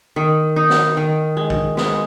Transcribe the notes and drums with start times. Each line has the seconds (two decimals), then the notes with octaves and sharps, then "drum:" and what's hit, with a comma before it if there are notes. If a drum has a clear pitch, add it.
0.16 D#3
0.56 D#4
0.70 drum: snare
0.97 D#3
1.37 G#3
1.50 drum: kick
1.77 G#3, drum: snare